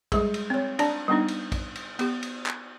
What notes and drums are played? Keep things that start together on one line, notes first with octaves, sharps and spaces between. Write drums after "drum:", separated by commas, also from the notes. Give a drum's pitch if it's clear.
G3 G#3 G#4, drum: kick, cymbal
drum: cymbal
C4 C#5
D4 D5 A5, drum: cymbal
G3 B3 D4 D#4
drum: cymbal
drum: kick, cymbal
drum: cymbal
B3 G4, drum: cymbal
drum: cymbal
drum: clap